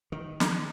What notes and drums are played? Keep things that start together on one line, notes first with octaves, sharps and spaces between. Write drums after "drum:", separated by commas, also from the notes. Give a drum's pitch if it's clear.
D#3
drum: snare